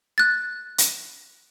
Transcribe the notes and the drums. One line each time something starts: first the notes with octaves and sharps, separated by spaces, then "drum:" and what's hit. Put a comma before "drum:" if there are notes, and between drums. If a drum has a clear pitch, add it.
F#6 A6
drum: hi-hat